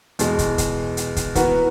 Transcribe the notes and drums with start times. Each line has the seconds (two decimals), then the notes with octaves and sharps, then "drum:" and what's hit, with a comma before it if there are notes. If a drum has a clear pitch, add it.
0.19 E2 B2 G#3, drum: hi-hat
0.39 drum: kick, hi-hat
0.58 drum: kick, hi-hat
0.97 drum: hi-hat
1.16 drum: kick, hi-hat
1.35 E3 B3 F#4 A#4, drum: kick, hi-hat